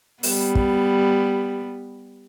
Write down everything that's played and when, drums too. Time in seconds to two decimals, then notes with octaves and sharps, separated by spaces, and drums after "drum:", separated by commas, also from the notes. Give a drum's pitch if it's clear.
0.23 G3 B3, drum: open hi-hat
0.55 drum: kick